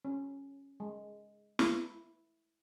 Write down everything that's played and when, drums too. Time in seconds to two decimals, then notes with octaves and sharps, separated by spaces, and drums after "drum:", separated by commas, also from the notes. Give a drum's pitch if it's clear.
0.05 C#4
0.80 G#3
1.59 E4, drum: snare